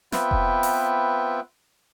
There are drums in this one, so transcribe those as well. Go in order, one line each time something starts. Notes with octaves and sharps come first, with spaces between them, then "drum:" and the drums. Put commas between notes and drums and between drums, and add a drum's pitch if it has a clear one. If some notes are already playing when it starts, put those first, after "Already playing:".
B3 C4 F4 B4 E5 G5, drum: snare
drum: kick F1
drum: open hi-hat